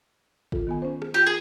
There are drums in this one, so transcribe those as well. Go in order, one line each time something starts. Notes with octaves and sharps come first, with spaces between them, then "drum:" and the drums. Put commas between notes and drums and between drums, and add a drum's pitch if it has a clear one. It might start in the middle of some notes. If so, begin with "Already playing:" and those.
F4 A4, drum: kick G1
D#3 B3 G#5
C#4 C5
drum: rim click
F4 G4
G#4